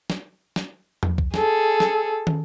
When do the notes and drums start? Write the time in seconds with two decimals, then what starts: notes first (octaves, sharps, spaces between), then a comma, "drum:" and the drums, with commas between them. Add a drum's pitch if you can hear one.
0.10 drum: snare
0.56 drum: snare
1.03 drum: tom E2
1.18 drum: kick C2
1.34 G#4 A4, drum: snare
1.80 drum: snare
2.27 drum: tom